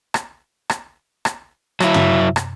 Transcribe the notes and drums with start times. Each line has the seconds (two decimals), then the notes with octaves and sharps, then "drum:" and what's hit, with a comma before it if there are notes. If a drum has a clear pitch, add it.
0.14 drum: rim click
0.70 drum: rim click
1.25 drum: rim click
1.80 F#3 E4, drum: rim click
1.94 drum: tom
2.36 drum: rim click